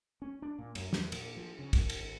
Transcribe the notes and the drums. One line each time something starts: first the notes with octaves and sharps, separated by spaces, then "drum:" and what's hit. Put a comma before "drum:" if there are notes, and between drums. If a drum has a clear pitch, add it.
C#4
D4
A#2
F#2, drum: cymbal
E2, drum: snare
A#2, drum: cymbal
F3
C#3
G1, drum: kick, cymbal
drum: cymbal
G#1